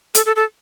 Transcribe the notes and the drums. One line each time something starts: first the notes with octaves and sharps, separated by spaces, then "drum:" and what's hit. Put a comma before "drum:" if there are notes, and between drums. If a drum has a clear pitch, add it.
A4, drum: hi-hat
A4
A4